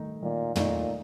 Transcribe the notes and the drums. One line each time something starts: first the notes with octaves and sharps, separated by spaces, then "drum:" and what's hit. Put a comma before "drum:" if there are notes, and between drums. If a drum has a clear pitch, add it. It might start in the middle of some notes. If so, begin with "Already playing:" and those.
Already playing: D#3 A3 D#4
A#2 D#3
A#2 A3 D#4, drum: tom